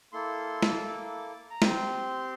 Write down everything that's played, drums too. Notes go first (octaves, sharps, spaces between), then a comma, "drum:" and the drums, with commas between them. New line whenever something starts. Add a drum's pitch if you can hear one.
A#3 E4 A4 C6
drum: snare
D6
A#5
C4 G4 C6, drum: snare